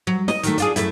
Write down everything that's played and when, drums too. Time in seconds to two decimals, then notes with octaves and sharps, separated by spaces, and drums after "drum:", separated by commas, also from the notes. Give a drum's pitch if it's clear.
0.07 F#3
0.28 D#5, drum: snare
0.43 D#3 F#3 A3, drum: hi-hat
0.58 D4 F4 G#4, drum: hi-hat
0.76 F#2 A3 E4, drum: hi-hat